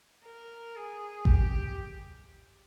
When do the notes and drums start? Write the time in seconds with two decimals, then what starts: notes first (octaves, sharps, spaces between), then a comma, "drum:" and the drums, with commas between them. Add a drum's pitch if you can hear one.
0.24 A#4
0.76 G#4
1.25 G4, drum: kick G#1